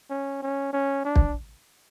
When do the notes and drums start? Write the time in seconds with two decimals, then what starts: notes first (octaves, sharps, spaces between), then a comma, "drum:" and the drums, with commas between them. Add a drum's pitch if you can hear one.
0.10 C#4
0.42 C#4
0.73 C#4
1.05 D4
1.16 drum: kick